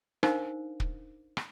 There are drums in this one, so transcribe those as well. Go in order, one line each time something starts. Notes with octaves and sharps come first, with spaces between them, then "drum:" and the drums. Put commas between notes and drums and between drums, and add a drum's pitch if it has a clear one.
D4 D#4 A#4 C5 F5, drum: rim click
drum: kick
drum: rim click